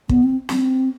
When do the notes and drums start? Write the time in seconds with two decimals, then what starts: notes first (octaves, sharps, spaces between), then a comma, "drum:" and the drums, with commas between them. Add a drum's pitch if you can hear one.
0.09 B3, drum: kick
0.23 C4
0.49 C4, drum: snare